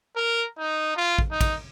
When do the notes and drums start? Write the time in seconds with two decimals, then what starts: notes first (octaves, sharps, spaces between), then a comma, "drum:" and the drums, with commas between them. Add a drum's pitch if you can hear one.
0.16 A#4
0.58 D#4
0.96 F4
1.19 drum: kick
1.31 D#4
1.41 drum: kick, cymbal